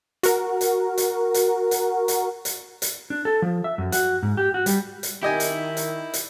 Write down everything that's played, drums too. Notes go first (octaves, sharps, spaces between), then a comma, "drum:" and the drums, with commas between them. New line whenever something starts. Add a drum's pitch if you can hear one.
F#4 A#4, drum: hi-hat
drum: hi-hat
drum: hi-hat
drum: hi-hat
drum: hi-hat
drum: hi-hat
drum: hi-hat
drum: hi-hat
D4
A4
F3
E5
F#2
F#4, drum: hi-hat
G#2
G4
F#4
G3, drum: hi-hat
drum: hi-hat
D#3 E4 G4 D#5 G#5
drum: hi-hat
drum: hi-hat
drum: hi-hat